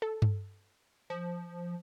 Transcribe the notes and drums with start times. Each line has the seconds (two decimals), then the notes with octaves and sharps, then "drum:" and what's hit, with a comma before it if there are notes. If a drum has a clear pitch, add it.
0.02 A4
0.22 drum: tom G2
1.10 F3